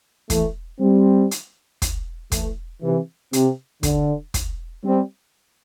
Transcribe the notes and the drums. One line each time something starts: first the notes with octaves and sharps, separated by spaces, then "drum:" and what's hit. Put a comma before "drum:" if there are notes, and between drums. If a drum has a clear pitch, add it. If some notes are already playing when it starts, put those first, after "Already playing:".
E3 A3, drum: kick, hi-hat
G3 C4
drum: hi-hat
drum: kick, hi-hat
E3 A3, drum: kick, hi-hat
C3 E3
C3, drum: hi-hat
D3, drum: kick, hi-hat
drum: kick, hi-hat
G3 C4